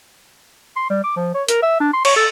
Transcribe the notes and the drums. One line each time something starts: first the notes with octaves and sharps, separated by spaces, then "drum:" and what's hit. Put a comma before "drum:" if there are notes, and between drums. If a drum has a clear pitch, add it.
C6
G3
D6
F3
C#5
A#4, drum: hi-hat
E5
D4
C6
C#5, drum: cymbal
A4